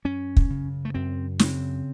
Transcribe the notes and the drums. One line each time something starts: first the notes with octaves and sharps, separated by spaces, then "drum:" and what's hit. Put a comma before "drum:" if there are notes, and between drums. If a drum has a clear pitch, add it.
F#2 C#4
drum: kick
C#3
A3
F#2 C4
C#3 C4, drum: snare